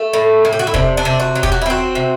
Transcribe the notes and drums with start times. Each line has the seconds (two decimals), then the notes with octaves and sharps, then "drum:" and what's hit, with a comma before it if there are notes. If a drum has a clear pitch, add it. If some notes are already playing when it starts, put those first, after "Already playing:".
Already playing: A3
0.13 A2
0.45 A2
0.53 G4
0.59 F#4
0.67 E4
0.74 C3 D4, drum: kick E1
0.97 D4
1.05 C3
1.20 F#4
1.35 F#3
1.43 G4, drum: kick E1
1.52 F#4
1.62 E4
1.66 C4 F#4
1.95 C3